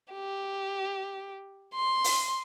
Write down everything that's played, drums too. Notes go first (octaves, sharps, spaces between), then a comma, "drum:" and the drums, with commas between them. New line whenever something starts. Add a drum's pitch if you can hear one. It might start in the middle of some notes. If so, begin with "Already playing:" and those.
G4
C6
drum: open hi-hat